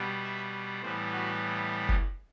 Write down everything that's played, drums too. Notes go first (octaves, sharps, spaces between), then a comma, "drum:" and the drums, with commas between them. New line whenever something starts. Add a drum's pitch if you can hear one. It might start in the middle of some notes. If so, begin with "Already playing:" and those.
Already playing: B2 G3 B3
E5
A2 E3 G3 B3 C5
F#4
drum: kick F1